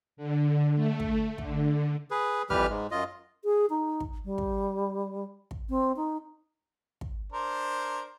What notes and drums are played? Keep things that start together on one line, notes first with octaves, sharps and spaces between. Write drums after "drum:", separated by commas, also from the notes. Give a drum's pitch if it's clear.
D3
A3
drum: kick
D3, drum: kick
G#4 B4
F2 E3 G3 G4 B4 F6, drum: kick
G#2 G#3
F#2 F4 D#5
G#4
D#4
drum: kick
G3
drum: kick
drum: kick
C4
D#4
drum: kick
D4 A#4 C5